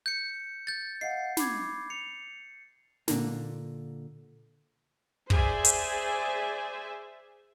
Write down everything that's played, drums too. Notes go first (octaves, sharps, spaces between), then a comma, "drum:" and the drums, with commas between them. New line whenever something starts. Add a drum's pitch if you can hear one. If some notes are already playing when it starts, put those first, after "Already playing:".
G6 C#7
G6 A6
D#5 F5 F#5 C7
B5 D6 G#6, drum: snare
C#7 F7
A#2 D3 A#3, drum: snare
G#4 C5 D5 E5 G#5, drum: kick
drum: hi-hat